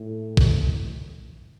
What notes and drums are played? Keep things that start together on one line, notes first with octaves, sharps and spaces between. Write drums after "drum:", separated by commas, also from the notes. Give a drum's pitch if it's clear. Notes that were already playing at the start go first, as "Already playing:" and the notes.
Already playing: A2
drum: kick